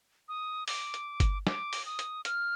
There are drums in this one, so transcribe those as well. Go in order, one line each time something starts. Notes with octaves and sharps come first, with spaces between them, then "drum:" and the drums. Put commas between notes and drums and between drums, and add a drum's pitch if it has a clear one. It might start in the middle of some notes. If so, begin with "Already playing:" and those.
D#6
D6, drum: open hi-hat
drum: hi-hat
drum: kick G1, hi-hat
D6, drum: snare
drum: open hi-hat
D#6
drum: hi-hat
F6, drum: hi-hat